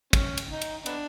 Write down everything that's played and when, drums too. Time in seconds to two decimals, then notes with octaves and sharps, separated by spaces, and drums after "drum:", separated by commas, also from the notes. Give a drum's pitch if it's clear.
0.13 C#4, drum: kick, cymbal
0.37 drum: cymbal
0.49 D#4
0.61 drum: cymbal
0.86 B3 D4, drum: cymbal